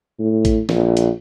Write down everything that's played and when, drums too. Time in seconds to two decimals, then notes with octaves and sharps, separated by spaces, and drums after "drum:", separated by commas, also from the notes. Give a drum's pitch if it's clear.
0.19 A2
0.45 drum: kick A1, hi-hat
0.69 A#1, drum: snare
0.97 drum: hi-hat